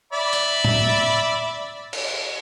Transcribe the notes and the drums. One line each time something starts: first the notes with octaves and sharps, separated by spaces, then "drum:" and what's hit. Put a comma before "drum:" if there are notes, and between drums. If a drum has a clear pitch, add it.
D5 E5 B5
drum: tambourine
drum: tom A2
drum: cymbal